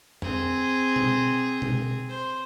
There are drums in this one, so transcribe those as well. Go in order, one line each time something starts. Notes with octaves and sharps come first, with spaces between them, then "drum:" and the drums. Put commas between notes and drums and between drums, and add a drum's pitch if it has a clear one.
C4 G#4, drum: tom F2
drum: tom B2
drum: tom B2
C5